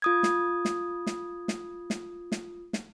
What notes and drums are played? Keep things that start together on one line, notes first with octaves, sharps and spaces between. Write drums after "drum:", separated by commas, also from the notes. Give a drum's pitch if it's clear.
F4 D#6 G#6
drum: snare
drum: snare
drum: snare
drum: snare
drum: snare
drum: snare
drum: snare